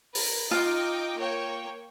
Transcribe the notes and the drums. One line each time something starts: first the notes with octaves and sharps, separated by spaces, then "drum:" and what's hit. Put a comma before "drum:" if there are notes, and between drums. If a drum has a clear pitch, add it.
A#4 B4, drum: open hi-hat
D#4 F4 G5 D6
A#3 C#5 G5